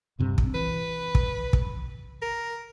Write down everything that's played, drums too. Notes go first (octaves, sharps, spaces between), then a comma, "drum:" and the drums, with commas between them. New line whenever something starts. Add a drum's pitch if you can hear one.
D1 G2 C3
drum: kick
E3 B4
drum: kick
drum: kick
A#4